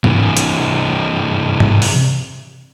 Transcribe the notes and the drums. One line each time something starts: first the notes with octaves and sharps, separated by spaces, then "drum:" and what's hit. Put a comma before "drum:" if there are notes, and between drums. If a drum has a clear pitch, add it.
C3 E3, drum: tom G#2
drum: hi-hat
drum: tom G#2
drum: open hi-hat